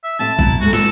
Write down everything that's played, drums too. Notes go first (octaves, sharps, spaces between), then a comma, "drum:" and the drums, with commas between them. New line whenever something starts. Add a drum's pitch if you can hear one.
E5
A2 C4 E5 A5
B2 F#3 E4, drum: kick A1
G#2 G#3 A3 F#4
A4, drum: snare